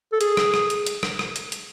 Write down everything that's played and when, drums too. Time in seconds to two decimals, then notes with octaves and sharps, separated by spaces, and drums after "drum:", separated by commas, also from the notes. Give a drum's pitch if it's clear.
0.13 A4
0.21 G#4, drum: hi-hat
0.37 drum: rim click
0.54 drum: rim click
0.70 drum: hi-hat
0.86 drum: hi-hat
1.03 drum: rim click
1.19 drum: rim click
1.36 drum: hi-hat
1.52 drum: hi-hat